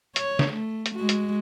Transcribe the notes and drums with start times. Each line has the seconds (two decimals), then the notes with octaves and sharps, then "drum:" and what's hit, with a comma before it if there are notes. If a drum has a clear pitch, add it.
0.16 C#5, drum: hi-hat
0.39 drum: snare
0.54 A3
0.86 drum: hi-hat
0.95 G#3 F#4
1.09 drum: hi-hat